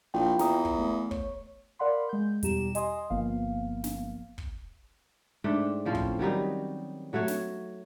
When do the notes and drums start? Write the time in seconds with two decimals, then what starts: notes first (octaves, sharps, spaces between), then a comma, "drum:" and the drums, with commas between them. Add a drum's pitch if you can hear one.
0.14 A#1 E4 F4 G5
0.39 E2 A#5 D#6, drum: snare
0.65 drum: kick
0.78 A3 B3
1.11 C#5, drum: kick
1.79 A#4 D5 F5 F#5 B5 C6
2.09 G#3 G6
2.43 E2 B2 G3 G4 A#5 E7, drum: hi-hat
2.75 D#5 G#5 C6 D#6, drum: hi-hat
3.10 G1 F3 A#3 B3 F5
3.84 drum: snare
4.38 drum: kick
5.44 G#2 A3 D4 G5
5.85 A2 F3 C4 C#4
5.95 drum: kick
6.19 D#3 F#3 G3 D#4
7.13 F#3 A3 F#4 C#5
7.28 drum: snare